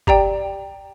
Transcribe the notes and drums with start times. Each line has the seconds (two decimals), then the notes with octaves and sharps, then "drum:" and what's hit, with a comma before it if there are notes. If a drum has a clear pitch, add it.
0.07 G4 D5 G5 A#5, drum: kick